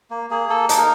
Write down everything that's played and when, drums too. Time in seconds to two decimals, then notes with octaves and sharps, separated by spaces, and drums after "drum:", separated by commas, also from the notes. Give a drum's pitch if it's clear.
0.10 A#3
0.30 A#3 G#4
0.49 A#3 A4
0.69 D#4 A4, drum: hi-hat
0.78 A#4